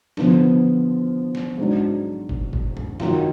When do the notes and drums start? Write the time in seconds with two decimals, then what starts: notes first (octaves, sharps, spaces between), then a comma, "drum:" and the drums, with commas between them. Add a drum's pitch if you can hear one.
0.17 D3 F3 B3, drum: snare
1.35 drum: snare
1.58 G#2 F#3 D4
2.29 drum: kick
2.53 drum: kick
2.77 drum: tom F#2
3.00 D#3 F#3 A#3 F4, drum: snare